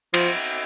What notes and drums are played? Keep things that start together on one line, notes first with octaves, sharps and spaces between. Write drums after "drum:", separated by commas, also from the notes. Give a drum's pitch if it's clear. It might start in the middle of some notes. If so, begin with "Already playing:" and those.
F3, drum: cymbal